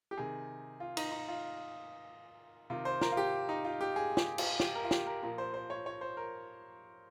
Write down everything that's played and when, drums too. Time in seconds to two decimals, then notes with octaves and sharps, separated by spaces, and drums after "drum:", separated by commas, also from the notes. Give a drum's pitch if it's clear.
0.11 G4
0.17 C3 D#3 G#4
0.80 F4
0.97 D#4, drum: cymbal
1.11 D#4
1.28 F4
2.70 C3 D#3 F4
2.85 C5
3.01 A#4, drum: snare
3.12 F4
3.17 G4
3.49 D#4
3.65 F4
3.81 G4
3.96 G#4
4.17 G4, drum: snare
4.38 F4, drum: cymbal
4.60 G4, drum: snare
4.75 A#4
4.84 F4
4.91 G4, drum: snare
5.06 A#4
5.22 A#2 F3 A#4
5.38 C5
5.54 C5
5.70 C#5
5.86 C#5
6.01 C5
6.17 A#4